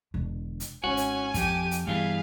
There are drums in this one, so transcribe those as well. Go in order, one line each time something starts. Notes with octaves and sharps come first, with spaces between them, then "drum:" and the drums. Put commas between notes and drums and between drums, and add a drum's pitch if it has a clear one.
E1 D3
drum: hi-hat
G#1 C#4 F#4 G#5
drum: hi-hat
F2 G4 D#7, drum: kick, hi-hat
drum: hi-hat
G2 E3 G3 B3 G#4 F5